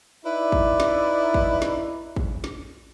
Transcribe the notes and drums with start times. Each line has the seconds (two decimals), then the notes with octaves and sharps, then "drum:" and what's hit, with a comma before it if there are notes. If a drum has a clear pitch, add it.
0.25 D#4 E4 B4 D5 E5
0.52 drum: kick
0.80 drum: snare
1.34 drum: kick
1.62 drum: snare
2.16 drum: kick
2.44 drum: snare